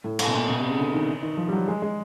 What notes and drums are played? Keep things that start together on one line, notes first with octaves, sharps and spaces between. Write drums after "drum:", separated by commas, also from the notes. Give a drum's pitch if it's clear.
A2
A2, drum: cymbal
B2
A#2
B2
C3
C#3
D3
D#3
D#3
F3
G3
F#3
G#3
G#3